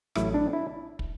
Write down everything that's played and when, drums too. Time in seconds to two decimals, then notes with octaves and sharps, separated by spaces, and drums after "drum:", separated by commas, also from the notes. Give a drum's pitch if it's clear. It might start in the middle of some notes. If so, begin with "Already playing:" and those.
0.15 A1 A2 F#3 A3 E4, drum: rim click
0.34 D4
0.53 E4
0.99 drum: kick